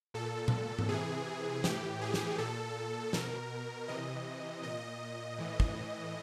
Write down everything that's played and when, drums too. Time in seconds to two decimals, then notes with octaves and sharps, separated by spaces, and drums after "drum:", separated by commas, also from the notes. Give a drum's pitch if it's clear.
0.14 A#2 A4
0.48 drum: tom A#2
0.79 drum: tom G#2
0.89 C3 E3 G#4
1.64 A2 E3 G4, drum: snare
2.01 G#4
2.14 drum: snare
2.38 A#2 A4
3.13 B2 A#4, drum: snare
3.88 C3 E3 D#5
4.63 A#2 D#5
5.38 A2 E3
5.60 drum: kick